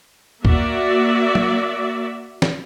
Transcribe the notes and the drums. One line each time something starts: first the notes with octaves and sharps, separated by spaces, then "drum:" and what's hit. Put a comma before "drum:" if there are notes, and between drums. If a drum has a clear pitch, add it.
A#3 F#4 D5 E5, drum: kick
drum: tom
drum: snare